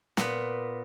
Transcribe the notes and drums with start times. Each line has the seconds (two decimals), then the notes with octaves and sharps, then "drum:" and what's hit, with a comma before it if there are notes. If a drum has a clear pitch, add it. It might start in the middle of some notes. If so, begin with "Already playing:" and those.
0.17 A#2 B3, drum: snare